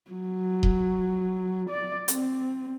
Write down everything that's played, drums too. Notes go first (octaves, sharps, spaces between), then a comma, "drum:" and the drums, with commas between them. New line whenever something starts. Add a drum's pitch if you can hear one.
F#3
drum: kick D#1
D5
C4, drum: hi-hat